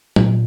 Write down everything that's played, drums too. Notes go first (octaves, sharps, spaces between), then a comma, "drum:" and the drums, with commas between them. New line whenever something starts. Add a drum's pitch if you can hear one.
A#2, drum: tom F#3